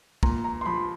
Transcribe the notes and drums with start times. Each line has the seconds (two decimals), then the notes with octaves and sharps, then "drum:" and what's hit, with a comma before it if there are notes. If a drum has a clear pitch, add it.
0.23 A#2 A#5, drum: kick
0.44 A#5
0.61 C6
0.66 F3 B5